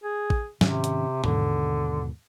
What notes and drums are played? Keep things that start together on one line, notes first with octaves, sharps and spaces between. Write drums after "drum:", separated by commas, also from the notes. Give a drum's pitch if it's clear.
G#4
drum: kick
G#2 C3 D#3 C#4, drum: snare
drum: hi-hat
D#2 G#2 B2 D3, drum: tom G#2